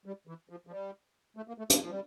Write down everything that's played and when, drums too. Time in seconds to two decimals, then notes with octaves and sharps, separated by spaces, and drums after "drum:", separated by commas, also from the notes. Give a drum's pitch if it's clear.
0.06 G3
0.27 E3
0.49 F3
0.67 F3
0.71 G3
1.37 A3
1.48 A#3
1.58 A3
1.70 A3, drum: hi-hat
1.81 F3
1.90 G3